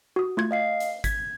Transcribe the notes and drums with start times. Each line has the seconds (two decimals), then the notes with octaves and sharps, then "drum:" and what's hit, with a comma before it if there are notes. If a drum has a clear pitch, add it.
0.16 F#4 D#6
0.37 A3 F4 G#6
0.51 D#5 F5 C7
0.80 drum: hi-hat
1.04 G#6 B6, drum: kick, hi-hat